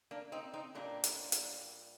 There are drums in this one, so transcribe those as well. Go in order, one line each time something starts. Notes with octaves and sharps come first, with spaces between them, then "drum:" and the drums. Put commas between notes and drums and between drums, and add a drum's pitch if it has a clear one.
A#3 D4
C4 D#4
C4 D#4
A#2 G3 A#3 D4
drum: hi-hat
drum: hi-hat